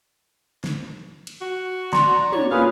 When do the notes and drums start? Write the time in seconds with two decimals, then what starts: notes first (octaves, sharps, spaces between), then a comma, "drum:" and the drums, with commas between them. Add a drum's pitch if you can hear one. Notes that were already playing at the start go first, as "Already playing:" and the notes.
0.64 drum: snare
1.27 drum: cymbal
1.41 F#4
1.93 D5 A#5 C6, drum: snare
2.32 C#5, drum: tom
2.51 A#3 C#4 F4 G#4 B4 F5